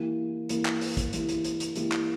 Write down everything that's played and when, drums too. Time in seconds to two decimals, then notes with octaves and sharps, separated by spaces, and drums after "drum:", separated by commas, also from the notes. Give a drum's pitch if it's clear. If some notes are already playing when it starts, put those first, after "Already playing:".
Already playing: E3 A#3 E4 G4
0.49 E3 A#3 E4 G4, drum: hi-hat
0.65 drum: clap
0.81 drum: open hi-hat
0.97 drum: kick, hi-hat
1.13 E3 A#3 E4 G4, drum: hi-hat
1.29 drum: hi-hat
1.44 drum: hi-hat
1.60 drum: hi-hat
1.76 E3 A#3 E4 G4, drum: hi-hat
1.92 drum: clap